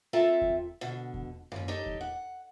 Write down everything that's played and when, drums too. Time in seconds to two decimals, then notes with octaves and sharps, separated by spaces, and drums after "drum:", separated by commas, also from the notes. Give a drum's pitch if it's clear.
0.13 C4 F4 A4 E5 A#5
0.42 drum: kick E2
0.81 B2 D3
1.14 drum: kick E2
1.52 D#2 C#4, drum: tom F#2
1.68 D#4 G4 A4 C#5
1.86 drum: kick E2
2.01 F#5